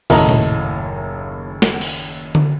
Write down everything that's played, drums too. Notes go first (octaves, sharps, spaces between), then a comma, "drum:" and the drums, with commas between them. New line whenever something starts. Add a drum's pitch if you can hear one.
F#1 D#2 A2 D#5 A5 A#5, drum: cymbal
drum: tom A#2
drum: snare
drum: cymbal
drum: tom D3